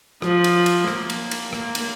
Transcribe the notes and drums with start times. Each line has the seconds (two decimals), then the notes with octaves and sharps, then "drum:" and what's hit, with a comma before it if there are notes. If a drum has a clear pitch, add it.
0.22 F3, drum: rim click
0.44 drum: cymbal
0.66 drum: cymbal
0.88 A#3, drum: rim click
1.10 drum: cymbal
1.31 drum: cymbal
1.53 A#3, drum: rim click
1.75 drum: cymbal